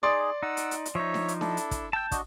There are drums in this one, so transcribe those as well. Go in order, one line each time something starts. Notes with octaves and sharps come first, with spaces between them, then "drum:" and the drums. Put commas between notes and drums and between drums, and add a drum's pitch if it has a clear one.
D#4 G#4 D5 C6 A6
D#4 F#5 E6
drum: hi-hat
drum: hi-hat
drum: hi-hat
F3 D#4 C#5 E5
drum: snare D4
drum: hi-hat
D4 E4 A4, drum: snare D4
drum: hi-hat
drum: kick, hi-hat
G5 A5 E6 G6
D4 F#4 D#5, drum: kick, hi-hat